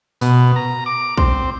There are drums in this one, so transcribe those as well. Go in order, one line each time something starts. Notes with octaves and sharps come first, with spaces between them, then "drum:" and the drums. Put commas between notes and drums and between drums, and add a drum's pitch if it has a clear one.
B2, drum: tambourine
A#5
D6
C4, drum: kick A#1